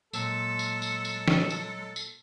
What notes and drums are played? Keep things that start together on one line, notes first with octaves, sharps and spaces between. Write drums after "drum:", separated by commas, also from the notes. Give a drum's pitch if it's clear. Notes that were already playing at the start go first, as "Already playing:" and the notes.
A#2 F#3 G#3 A4 A5 E6, drum: tambourine
drum: tambourine
drum: tambourine
drum: tambourine
drum: snare
drum: tambourine
drum: tambourine